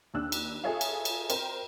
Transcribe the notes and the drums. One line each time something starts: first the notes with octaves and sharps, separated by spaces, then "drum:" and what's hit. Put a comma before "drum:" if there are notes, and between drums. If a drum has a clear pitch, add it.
D#2 D4 E6 F#6
drum: cymbal
F4 G#4 A4 C#5 E5 F5
drum: cymbal
drum: cymbal
A#4 C5 G5, drum: cymbal